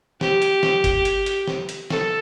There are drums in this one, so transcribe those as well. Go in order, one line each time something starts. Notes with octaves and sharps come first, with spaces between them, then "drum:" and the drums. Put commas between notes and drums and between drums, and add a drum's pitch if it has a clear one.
G4, drum: snare
drum: hi-hat
drum: snare
drum: kick G1, hi-hat
drum: hi-hat
drum: hi-hat
drum: snare
drum: hi-hat
A4, drum: snare